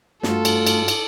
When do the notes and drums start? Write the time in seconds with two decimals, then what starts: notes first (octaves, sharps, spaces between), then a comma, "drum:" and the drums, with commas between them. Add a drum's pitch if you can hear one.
0.23 G2 A3 F4 F#4 A4, drum: snare
0.45 drum: cymbal
0.67 drum: cymbal
0.88 drum: cymbal